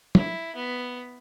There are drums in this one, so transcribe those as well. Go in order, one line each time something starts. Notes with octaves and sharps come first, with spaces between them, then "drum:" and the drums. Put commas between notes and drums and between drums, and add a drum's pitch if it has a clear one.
E4, drum: tom
B3